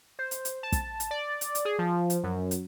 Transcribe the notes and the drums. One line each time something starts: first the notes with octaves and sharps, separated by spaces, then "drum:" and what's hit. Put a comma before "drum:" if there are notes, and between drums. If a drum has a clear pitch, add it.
C5
drum: hi-hat
drum: hi-hat
A5
drum: kick, hi-hat
drum: hi-hat
D5
drum: hi-hat
drum: hi-hat
G#4
F3
drum: hi-hat
F#2
drum: hi-hat